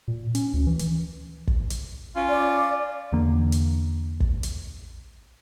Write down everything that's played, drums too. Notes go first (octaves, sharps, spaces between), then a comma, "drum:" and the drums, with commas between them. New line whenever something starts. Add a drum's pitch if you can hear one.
A#2
C#4, drum: hi-hat
D2
E3
drum: hi-hat
drum: kick
drum: hi-hat
C#4 F4
D5
E2 D3 A#3
drum: hi-hat
drum: kick
drum: hi-hat